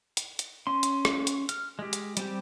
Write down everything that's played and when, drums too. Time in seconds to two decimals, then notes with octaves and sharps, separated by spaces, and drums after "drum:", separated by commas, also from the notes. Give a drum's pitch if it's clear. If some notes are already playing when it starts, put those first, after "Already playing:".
0.17 drum: hi-hat
0.39 drum: hi-hat
0.67 C#4 C6
0.83 drum: hi-hat
1.05 drum: rim click
1.27 drum: hi-hat
1.49 F6, drum: hi-hat
1.79 G#3 G4
1.93 drum: hi-hat
2.17 G3 C4 G4, drum: hi-hat